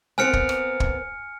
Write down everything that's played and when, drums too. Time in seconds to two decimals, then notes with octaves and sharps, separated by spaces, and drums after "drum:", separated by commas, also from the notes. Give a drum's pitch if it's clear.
0.18 B3 C4 A#4 G#5 F6 C#7
0.33 drum: kick
0.49 drum: rim click
0.80 drum: kick